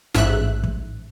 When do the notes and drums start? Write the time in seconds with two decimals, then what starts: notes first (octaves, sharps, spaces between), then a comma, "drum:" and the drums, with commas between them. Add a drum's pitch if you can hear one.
0.14 A1 G#2 E5 F#6, drum: snare
0.63 drum: kick